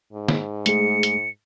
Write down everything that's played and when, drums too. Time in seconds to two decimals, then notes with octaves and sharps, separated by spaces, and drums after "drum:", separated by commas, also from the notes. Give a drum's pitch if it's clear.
0.13 G#2
0.28 drum: snare
0.66 G#3 A3 G#4 C#7, drum: hi-hat
1.03 drum: hi-hat